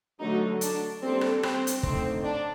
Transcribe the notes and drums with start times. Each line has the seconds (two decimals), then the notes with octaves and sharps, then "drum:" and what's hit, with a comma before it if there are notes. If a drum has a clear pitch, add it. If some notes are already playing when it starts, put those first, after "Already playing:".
0.20 D3 F#3 A3 D#4
0.61 D4, drum: hi-hat
1.02 G3 A#3 C4 D4 A4
1.21 drum: rim click
1.43 C4, drum: rim click
1.67 drum: hi-hat
1.83 D3 A3 C4 D#4, drum: kick
2.24 D4